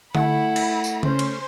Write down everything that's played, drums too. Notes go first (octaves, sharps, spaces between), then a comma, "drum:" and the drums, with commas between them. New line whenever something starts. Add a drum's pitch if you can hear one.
A3 E4 F#5 B5, drum: tom D3
drum: cymbal
drum: tambourine
C#4 C5, drum: tom C#3
drum: cymbal